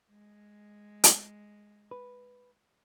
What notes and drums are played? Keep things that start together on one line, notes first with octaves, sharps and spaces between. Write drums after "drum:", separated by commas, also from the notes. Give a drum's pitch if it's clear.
G#3
drum: hi-hat
B4